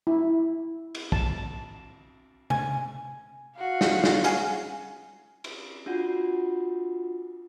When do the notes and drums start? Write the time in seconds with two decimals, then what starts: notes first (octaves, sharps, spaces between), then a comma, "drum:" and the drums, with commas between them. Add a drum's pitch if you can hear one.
0.07 E4
0.95 drum: cymbal
1.12 A5, drum: kick
2.50 G#5, drum: tom C3
3.57 F#4 F5
3.81 drum: snare
4.04 drum: snare
4.24 C#4 G#4, drum: hi-hat
5.44 drum: cymbal
5.86 D4 F4 F#4 F#5